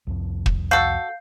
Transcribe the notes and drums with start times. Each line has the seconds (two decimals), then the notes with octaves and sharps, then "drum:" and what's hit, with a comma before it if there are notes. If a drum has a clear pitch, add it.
0.07 C2 F2 F3
0.46 drum: kick
0.71 F#4 A4 F5 G6 C7